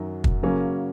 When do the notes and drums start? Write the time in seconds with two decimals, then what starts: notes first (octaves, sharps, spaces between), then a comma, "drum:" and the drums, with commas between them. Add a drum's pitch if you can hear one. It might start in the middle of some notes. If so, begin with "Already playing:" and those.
Already playing: F#2 D#3 F#3
0.24 drum: kick
0.43 C#3 F#3 A#3 C#4